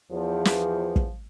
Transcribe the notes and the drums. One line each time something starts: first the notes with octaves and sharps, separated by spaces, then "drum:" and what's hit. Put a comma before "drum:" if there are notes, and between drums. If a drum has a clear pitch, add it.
E2 F3
drum: snare
drum: kick